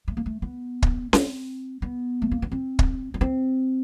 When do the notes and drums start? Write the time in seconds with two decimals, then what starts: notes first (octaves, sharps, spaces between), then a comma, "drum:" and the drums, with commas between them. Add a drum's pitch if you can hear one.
0.08 A3
0.17 A#3
0.26 A3
0.42 B3
0.82 drum: kick
1.13 C4, drum: snare C#4
1.82 B3
2.22 A3
2.31 A#3
2.42 B3
2.52 C4
2.79 drum: kick
3.14 B3
3.21 C4